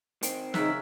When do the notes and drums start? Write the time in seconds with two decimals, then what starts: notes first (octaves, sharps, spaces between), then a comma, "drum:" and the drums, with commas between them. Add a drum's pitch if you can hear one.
0.23 D#3 C4, drum: hi-hat
0.54 C#3 D#4 A#4 E5 F#5, drum: snare